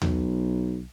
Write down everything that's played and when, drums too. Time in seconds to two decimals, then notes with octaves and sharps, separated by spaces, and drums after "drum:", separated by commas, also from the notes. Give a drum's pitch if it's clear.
0.02 B1, drum: tom D#2